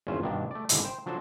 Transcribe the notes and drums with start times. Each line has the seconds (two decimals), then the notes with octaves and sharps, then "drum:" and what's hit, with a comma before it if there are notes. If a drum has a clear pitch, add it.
0.07 G#1 E2 C#4 F4 C5 E5
0.23 G2 B2 D#3 A#3 B3 D4
0.51 A3 D5
0.69 G#1 D3 G#3 E4 E5 A#5, drum: hi-hat
0.84 C5 G5
1.06 F3 F#3 D4 A4 C5